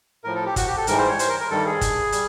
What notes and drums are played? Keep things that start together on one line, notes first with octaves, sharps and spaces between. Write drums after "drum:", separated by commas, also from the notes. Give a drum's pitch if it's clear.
A2 F3 A#4
A4
G4
F#4, drum: kick, hi-hat
G4
A4
G#2 E3 G3 A#4, drum: hi-hat
C5
C#5
C5, drum: hi-hat
A#4
A#4
G2 D#3 G3 A4
G#4
drum: kick, hi-hat
G3, drum: hi-hat